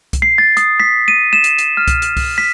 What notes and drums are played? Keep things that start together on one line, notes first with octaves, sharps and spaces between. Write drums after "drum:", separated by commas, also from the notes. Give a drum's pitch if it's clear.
drum: kick C2, hi-hat
C7
A6
D#6, drum: hi-hat
B6
D#7
E7
drum: hi-hat
drum: hi-hat
F6
drum: kick C2, hi-hat
drum: hi-hat
drum: kick C2, open hi-hat
B6